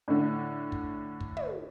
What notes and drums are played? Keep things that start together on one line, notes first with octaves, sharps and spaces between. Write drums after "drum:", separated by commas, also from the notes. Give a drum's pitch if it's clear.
A2 D3
drum: kick
drum: kick
drum: tom